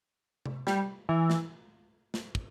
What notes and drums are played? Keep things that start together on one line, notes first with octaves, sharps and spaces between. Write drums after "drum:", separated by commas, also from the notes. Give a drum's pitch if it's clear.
drum: tom C3
G3, drum: snare
E3
drum: snare
drum: snare
drum: kick